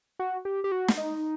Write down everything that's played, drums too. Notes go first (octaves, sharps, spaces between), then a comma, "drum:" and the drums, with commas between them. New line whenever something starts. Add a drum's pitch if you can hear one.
F#4
G4
G4
F#4
drum: snare
D#4